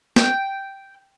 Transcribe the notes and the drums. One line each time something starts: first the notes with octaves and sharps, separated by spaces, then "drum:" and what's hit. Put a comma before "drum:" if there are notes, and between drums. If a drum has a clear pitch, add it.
G5, drum: snare